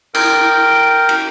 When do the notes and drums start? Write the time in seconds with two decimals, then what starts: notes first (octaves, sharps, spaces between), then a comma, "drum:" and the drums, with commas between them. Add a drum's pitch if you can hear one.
0.14 A#4 G5, drum: cymbal
1.09 drum: cymbal